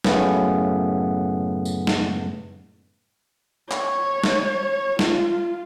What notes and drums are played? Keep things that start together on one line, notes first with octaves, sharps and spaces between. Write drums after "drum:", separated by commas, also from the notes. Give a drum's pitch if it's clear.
F#2 A2 C#3 A3 B3 C#4, drum: snare
drum: tambourine
drum: snare
C#5, drum: clap
drum: snare
F4, drum: snare